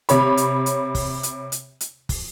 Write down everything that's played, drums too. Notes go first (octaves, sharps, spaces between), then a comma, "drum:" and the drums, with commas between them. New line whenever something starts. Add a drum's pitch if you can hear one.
C3 C#5 B5, drum: hi-hat
drum: hi-hat
drum: hi-hat
drum: kick, open hi-hat
drum: hi-hat
drum: hi-hat
drum: hi-hat
drum: kick, open hi-hat